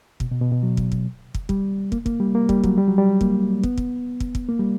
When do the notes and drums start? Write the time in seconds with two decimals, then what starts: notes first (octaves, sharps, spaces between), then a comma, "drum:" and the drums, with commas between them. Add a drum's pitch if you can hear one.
0.20 B2, drum: kick
0.31 B2
0.41 B2
0.52 B2
0.63 F#3
0.77 drum: kick
0.92 drum: kick
1.34 drum: kick
1.49 G3, drum: kick
1.92 A#3, drum: kick
2.06 A#3, drum: kick
2.20 G3
2.35 A#3
2.49 G3, drum: kick
2.64 F#3, drum: kick
2.78 G3
2.88 F#3
2.98 G3
3.21 A#3, drum: kick
3.63 B3, drum: kick
3.78 drum: kick
4.20 drum: kick
4.35 drum: kick
4.49 A#3
4.59 G3